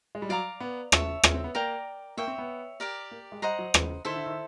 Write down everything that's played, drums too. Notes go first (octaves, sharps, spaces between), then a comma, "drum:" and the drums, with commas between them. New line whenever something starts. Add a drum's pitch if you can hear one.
G#3
G3
F#3 D5 F5 A#5 D6
B3
C#5 E5 A5, drum: rim click
C#4, drum: rim click
C4
B3
A#3 A#4 D5 G5 A#5
A#3 C#5 E5 G5
C4
B3
G4 A#4 D5
A#3
G#3
G3 C5 D#5 F#5 A#5
F#3
E3, drum: rim click
D#3 E4 A4 C5 E5
D3
D#3